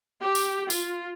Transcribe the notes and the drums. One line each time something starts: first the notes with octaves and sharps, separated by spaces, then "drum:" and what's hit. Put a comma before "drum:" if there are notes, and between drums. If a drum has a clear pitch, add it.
G4
drum: tambourine
F4, drum: tambourine